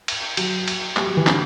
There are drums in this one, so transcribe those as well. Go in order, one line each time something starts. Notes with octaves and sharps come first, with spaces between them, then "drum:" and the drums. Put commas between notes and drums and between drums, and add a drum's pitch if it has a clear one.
drum: cymbal
F#3, drum: cymbal
drum: cymbal
G3, drum: clap
F#3
E3
D3, drum: clap